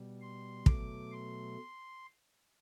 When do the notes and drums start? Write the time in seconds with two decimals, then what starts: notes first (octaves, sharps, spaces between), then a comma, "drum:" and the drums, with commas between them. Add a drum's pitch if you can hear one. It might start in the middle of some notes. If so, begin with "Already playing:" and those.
Already playing: B2 G3
0.21 C6
0.66 B2 F#3 A3 D6, drum: kick
1.11 C6